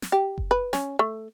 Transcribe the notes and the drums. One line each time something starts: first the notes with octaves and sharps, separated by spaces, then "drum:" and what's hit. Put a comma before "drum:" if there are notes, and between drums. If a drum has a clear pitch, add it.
drum: snare
G4
drum: kick F#1
B4
C#4, drum: snare
A3